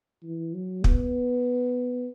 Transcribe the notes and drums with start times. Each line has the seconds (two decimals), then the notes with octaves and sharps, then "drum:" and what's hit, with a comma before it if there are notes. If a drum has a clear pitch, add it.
0.23 E3
0.54 F#3
0.84 B3, drum: kick